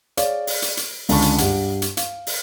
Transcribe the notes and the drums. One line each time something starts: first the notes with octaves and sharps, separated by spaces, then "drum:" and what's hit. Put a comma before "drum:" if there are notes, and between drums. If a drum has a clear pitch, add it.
G#4 C#5 D5 F5, drum: hi-hat
drum: open hi-hat
drum: hi-hat
drum: hi-hat
C#2 D3 G#3 A5 B5 C#6, drum: open hi-hat
drum: hi-hat
G2 G4 F#5, drum: hi-hat
drum: hi-hat
F5, drum: hi-hat
drum: open hi-hat